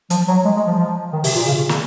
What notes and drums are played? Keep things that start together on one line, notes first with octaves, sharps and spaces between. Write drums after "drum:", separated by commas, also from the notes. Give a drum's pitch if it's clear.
F3, drum: hi-hat
F#3
G#3
G#3
F3
F3
D#3
C3, drum: open hi-hat
A#2
C#3
C#3
D#3, drum: snare